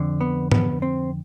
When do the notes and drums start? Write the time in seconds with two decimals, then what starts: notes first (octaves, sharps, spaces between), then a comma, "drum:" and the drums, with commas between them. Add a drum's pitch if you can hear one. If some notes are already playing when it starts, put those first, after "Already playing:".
Already playing: F2 D3
0.21 B3
0.52 B3, drum: tom G#2
0.82 C4